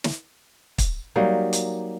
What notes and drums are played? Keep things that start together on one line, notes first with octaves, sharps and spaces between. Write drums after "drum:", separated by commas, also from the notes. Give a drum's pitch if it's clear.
drum: snare
drum: kick, hi-hat
F#3 G3 A#3 D#4
drum: hi-hat